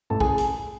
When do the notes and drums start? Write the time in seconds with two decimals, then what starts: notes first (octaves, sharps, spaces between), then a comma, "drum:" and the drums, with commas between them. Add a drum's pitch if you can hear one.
0.10 A1 A4 A5
0.20 G#4 G#5, drum: kick
0.38 drum: hi-hat